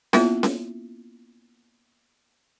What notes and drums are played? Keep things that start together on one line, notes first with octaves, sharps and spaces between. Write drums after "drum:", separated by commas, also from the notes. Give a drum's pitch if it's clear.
A#3 B3 C#4 E4 F4 E5, drum: snare C#4
drum: snare C#4